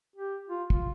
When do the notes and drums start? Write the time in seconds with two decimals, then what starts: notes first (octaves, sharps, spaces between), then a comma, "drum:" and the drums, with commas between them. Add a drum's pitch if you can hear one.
0.16 G4
0.49 F4
0.70 F4, drum: kick